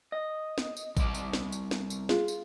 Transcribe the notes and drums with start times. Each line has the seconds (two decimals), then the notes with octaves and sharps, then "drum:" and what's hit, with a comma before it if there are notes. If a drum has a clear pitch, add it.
0.12 D#5
0.58 drum: snare
0.77 drum: tambourine
0.97 C2 D5, drum: kick A1, tambourine
1.14 drum: tambourine
1.33 drum: snare
1.52 drum: tambourine
1.71 drum: snare
1.90 drum: tambourine
2.09 F4 G#4, drum: snare
2.28 drum: tambourine